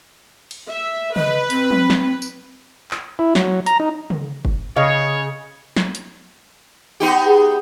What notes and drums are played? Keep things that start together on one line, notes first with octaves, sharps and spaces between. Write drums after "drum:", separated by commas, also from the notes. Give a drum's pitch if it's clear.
drum: cymbal
E5
B4 D#5, drum: tom C#3
C4, drum: hi-hat
drum: tom F3
drum: snare
drum: tambourine
drum: clap
E4
F#3, drum: snare
A#5, drum: hi-hat
D#4
drum: tom C#3
drum: kick F#1
C#3 C#5 D#5 F5
drum: snare
drum: hi-hat
B3 D#4 G4
G#4